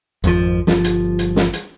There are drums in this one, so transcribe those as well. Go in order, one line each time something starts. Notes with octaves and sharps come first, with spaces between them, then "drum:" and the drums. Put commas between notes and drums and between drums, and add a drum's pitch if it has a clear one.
G#1 F2 C#3 F3
G1 F3, drum: snare
drum: hi-hat
drum: hi-hat
drum: snare
drum: hi-hat